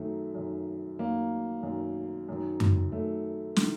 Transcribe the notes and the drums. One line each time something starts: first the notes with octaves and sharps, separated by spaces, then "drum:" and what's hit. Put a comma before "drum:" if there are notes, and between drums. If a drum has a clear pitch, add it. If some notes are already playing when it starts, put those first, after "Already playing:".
Already playing: F#2 D#3 A3
F#2 D#3
F#2 D#3 A#3
F#2 D#3
F#2 D#3
drum: tom F#2
F#2 D#3 A3
D#3, drum: snare